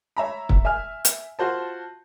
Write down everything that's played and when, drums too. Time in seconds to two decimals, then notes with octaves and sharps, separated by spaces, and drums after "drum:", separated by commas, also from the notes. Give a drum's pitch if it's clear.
0.17 C#5 E5 A#5 B5
0.49 drum: kick
0.65 E5 G#5 F6
1.05 drum: hi-hat
1.39 F4 F#4 C5 A5